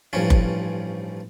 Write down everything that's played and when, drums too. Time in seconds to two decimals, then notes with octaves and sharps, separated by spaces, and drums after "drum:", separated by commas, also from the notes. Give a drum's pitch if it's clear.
0.13 A1 G2 F3 C#4
0.30 drum: kick F#1